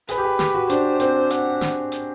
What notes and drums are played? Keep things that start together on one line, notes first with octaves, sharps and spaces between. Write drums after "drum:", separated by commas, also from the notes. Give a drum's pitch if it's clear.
G#4 B4, drum: hi-hat
G4
G#4
G4, drum: snare
F#4
D4 C5, drum: hi-hat
C4, drum: hi-hat
F#5, drum: hi-hat
drum: snare
drum: hi-hat